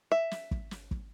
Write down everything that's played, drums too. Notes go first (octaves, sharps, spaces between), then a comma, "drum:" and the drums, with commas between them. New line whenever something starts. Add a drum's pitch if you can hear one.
E5
drum: snare
drum: kick
drum: snare
drum: kick